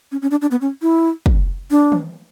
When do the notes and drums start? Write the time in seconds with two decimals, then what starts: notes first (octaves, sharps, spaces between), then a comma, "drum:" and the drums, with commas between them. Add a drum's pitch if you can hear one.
0.12 C#4
0.22 C#4
0.31 D4
0.41 D4
0.51 B3
0.61 C#4
0.82 E4
1.26 drum: kick
1.71 D4
1.92 drum: tom D#3